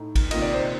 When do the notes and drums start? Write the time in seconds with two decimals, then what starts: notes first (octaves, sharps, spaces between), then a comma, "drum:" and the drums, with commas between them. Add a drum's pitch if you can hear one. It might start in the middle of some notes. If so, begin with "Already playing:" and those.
Already playing: A2 A3 D#4
0.15 drum: kick, cymbal
0.31 C3 D#3 A#3 F4 D#5, drum: cymbal
0.42 D5
0.54 C5